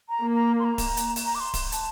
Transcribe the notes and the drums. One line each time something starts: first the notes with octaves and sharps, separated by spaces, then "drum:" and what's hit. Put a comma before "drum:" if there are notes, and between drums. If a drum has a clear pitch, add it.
A#5
A#3
A#5
C6
A#5
drum: kick D1, open hi-hat
drum: hi-hat
drum: open hi-hat
A#5
D6
C6
drum: kick D1, open hi-hat
A5, drum: hi-hat